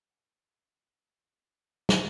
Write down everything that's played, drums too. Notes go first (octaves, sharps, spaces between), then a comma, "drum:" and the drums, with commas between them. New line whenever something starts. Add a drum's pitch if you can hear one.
F#5 G#5
drum: snare